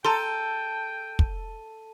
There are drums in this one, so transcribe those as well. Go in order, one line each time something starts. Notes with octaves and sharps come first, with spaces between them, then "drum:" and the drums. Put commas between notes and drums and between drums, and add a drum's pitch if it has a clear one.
A4 G5 A5 A#5 C6 D#7 G7
drum: kick